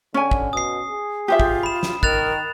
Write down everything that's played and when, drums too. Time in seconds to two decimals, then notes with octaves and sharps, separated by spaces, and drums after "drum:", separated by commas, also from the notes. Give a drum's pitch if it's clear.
0.14 D3 C#4 G#5
0.31 drum: kick
0.53 B2 D#6 C7
0.87 G#4
1.28 F4 G4 C5 E5
1.40 drum: kick
1.63 B5 E7
1.83 drum: snare
2.03 D#3 A#4 F#6 A6 F7, drum: kick